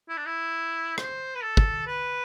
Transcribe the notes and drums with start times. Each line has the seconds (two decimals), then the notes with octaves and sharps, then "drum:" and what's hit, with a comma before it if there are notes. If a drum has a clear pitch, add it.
0.09 E4
0.17 D4
0.26 E4
0.98 C5, drum: rim click
1.35 B4
1.42 A4
1.57 drum: kick
1.87 B4